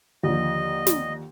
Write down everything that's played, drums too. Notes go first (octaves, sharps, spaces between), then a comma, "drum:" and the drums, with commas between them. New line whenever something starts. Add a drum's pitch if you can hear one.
D#2 D3 F3 D#5
drum: snare